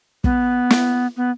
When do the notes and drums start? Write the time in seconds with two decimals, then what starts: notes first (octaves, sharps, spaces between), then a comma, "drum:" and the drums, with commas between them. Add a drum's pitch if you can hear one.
0.24 B3, drum: kick
0.70 drum: snare
1.17 B3